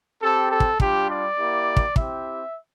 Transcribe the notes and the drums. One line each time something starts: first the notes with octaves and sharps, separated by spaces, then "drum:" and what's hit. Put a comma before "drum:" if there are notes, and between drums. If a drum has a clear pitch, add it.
C4 G4 A4
A4
drum: kick
G3 D4 F4 G4, drum: kick
D5
A#3 E4 G4
drum: kick
C4 E4 G4 E5, drum: kick